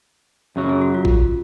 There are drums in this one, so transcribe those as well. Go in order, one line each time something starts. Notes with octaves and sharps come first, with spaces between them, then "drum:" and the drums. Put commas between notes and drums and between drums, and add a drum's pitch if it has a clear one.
F#2 C#3 F#3
G#4
F#4
F4
drum: kick